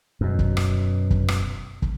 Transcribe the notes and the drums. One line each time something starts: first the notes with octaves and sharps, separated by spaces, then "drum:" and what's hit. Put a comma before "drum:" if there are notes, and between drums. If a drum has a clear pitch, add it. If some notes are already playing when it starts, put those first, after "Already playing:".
F#2 B2
drum: kick
drum: rim click
drum: kick
drum: rim click
drum: kick